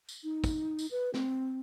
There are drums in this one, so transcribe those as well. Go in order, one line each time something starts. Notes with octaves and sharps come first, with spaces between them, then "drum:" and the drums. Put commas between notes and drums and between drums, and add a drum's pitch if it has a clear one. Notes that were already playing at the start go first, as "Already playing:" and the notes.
drum: tambourine
D#4
drum: kick, tambourine
drum: tambourine
B4
C4, drum: snare